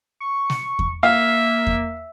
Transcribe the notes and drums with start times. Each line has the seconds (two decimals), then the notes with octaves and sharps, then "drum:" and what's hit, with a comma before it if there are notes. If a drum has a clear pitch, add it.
0.20 C#6
0.50 drum: snare
0.79 drum: kick E2
1.03 A#3 E5 F5
1.67 drum: kick E2